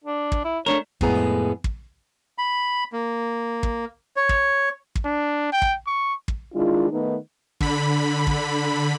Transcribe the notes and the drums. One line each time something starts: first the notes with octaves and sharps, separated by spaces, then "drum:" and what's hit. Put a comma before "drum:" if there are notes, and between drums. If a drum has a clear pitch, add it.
D4
drum: kick
E4
A3 D4 A#4 C#5
F2 A2 G#3 B3 G#4 A#5, drum: kick
drum: kick
B5
A#3
drum: kick
C#5
drum: kick
drum: kick
D4
G5
drum: kick
C#6
drum: kick
D#3 G#3 D4 E4 F4
D#3 A3 B3 D#4
D3 B5, drum: kick
drum: kick